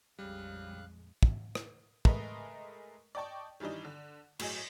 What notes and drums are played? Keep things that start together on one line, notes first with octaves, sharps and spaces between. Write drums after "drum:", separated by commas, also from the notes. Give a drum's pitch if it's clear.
A#1 F2 C#3 G3 G#3 F5 F#6
drum: kick
drum: rim click
G#3 A3 A#4 B4 D#5, drum: kick
D5 D#5 G5 A5 C#6
D#3 E3 G3 D4 D#4
D3
A2 F#3 G#4 D#5, drum: cymbal